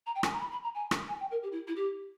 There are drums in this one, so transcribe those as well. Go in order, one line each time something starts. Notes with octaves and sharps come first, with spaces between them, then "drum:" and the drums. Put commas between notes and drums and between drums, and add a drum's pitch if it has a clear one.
A#5
G5
G#5, drum: rim click
A#5
B5
B5
A#5
G#5
drum: rim click
G#5
G5
A#4
G4
E4
E4
G4